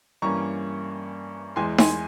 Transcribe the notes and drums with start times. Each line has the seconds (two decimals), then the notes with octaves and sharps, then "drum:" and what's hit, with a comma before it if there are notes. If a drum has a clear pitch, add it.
0.22 G2 E3 A#3 C#4 A#5 C#6
1.56 E2 E3 G#3 G#5 C6
1.78 G#5 C6, drum: snare D#4